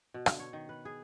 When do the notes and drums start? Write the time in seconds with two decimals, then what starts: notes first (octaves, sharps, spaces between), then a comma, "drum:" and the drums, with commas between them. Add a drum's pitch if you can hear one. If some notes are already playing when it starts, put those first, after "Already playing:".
0.14 B2
0.26 D3, drum: rim click
0.39 C#5
0.53 D#3
0.69 B4
0.85 G#4